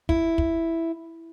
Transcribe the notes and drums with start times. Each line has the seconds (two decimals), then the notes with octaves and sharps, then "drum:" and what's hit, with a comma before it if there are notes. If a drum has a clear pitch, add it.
0.09 E4, drum: kick
0.38 drum: kick